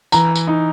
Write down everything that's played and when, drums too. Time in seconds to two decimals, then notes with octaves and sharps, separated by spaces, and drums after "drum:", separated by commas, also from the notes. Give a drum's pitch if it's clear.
0.12 E3 A#5, drum: tambourine
0.35 drum: tambourine
0.47 D#4